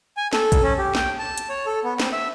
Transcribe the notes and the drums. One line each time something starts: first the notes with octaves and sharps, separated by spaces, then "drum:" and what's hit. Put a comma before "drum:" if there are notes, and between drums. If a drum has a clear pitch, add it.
G#5
A4, drum: snare
drum: kick A#1, hi-hat
C#4
G4
G5, drum: snare
A5
drum: hi-hat
C#5
A4
B3
C4, drum: snare
E5